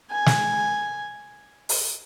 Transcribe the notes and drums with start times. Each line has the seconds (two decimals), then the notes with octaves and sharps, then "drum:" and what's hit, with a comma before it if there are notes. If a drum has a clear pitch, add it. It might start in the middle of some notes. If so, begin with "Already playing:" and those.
0.11 G#5
0.26 drum: snare
1.69 drum: open hi-hat